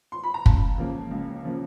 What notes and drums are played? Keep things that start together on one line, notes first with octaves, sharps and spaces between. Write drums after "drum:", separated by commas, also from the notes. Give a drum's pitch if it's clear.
C6
B5
A#5
C#2 A5, drum: kick
C#3 F3 A#3
C#2
C#3 F3 A#3